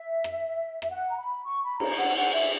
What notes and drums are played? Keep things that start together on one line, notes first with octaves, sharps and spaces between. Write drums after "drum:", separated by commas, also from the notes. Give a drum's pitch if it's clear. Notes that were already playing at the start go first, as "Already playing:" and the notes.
Already playing: E5
drum: rim click
E5, drum: rim click
F#5
A#5
B5
C#6
B5
A#5, drum: cymbal
F#5
F#5
E5